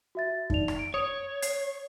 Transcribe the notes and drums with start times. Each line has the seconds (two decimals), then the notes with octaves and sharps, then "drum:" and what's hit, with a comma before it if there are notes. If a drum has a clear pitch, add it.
0.15 F#4 E5 A6
0.50 D#4 D5 F7, drum: kick F#2
0.68 drum: rim click
0.79 D7
0.94 C#5 D#6
1.42 C7, drum: hi-hat